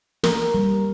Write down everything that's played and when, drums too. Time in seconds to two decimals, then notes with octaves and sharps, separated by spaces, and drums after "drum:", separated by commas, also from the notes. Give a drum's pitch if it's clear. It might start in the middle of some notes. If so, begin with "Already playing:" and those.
0.24 A#4, drum: snare
0.54 G3